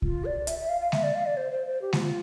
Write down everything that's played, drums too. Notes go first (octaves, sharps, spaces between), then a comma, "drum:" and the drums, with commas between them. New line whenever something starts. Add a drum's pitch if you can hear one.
F4, drum: kick C2
D5
E5, drum: hi-hat
E5
F5
F5
E5, drum: snare G#3
D5
F5
D5
C5
C5
C5
G4
F4, drum: snare G#3
F4